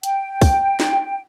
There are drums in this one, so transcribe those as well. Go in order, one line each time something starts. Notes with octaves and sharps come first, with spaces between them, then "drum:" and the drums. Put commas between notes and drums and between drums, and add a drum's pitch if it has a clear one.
G5, drum: hi-hat
drum: kick, open hi-hat
drum: snare